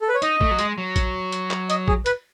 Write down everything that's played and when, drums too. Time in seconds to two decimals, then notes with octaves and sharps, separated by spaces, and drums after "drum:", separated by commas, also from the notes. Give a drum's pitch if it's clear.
0.01 A4
0.09 B4
0.15 C#5
0.22 D#4 D#5, drum: hi-hat
0.41 A3, drum: kick
0.51 F#3
0.59 G#3, drum: hi-hat
0.78 F#3
0.96 drum: kick, hi-hat
1.32 drum: hi-hat
1.51 drum: clap
1.70 D#5, drum: hi-hat
1.88 G#4, drum: kick
2.06 B4, drum: hi-hat